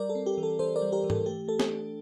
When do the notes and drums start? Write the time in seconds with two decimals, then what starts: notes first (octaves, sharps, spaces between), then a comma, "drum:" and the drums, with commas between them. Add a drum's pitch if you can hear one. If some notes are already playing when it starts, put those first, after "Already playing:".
Already playing: G3 A#4 D5
0.09 A4
0.15 C4
0.26 G4
0.38 E3
0.43 A4
0.59 E3 A4 C5
0.76 A#4 D5
0.82 G3
0.92 G4 A#4
1.04 E3
1.10 A4, drum: tom G#2
1.26 A3 G4
1.48 A3 A4
1.59 drum: snare
1.71 D4